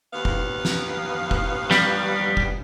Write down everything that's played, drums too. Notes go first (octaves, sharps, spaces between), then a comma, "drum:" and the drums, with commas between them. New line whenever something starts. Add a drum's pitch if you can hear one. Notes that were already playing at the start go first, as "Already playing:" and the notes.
D#2 B3 F5
drum: kick
drum: snare
drum: kick
G3, drum: snare
drum: kick